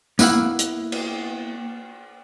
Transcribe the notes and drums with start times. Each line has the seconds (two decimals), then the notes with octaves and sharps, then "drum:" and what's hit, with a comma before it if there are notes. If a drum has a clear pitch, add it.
0.19 A#3 B3 E4 F5 F#5, drum: tambourine
0.59 drum: hi-hat
0.92 drum: cymbal